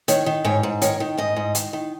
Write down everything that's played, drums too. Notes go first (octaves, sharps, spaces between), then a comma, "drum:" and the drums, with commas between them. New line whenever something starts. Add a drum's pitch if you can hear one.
D#3 C#5, drum: hi-hat
D#3
G#2 C#5
G#2
D#3 C#5, drum: hi-hat
D#3
G#2 D#5
G#2
D#3, drum: hi-hat
D#3